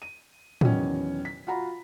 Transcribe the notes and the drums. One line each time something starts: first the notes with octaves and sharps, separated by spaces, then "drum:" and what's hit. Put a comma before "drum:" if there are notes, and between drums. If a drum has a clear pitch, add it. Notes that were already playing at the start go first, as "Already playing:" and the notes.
D#7
E2 D#3 F#3 C#4, drum: tom A2
B6
F4 F#4 F#5 A#5 B5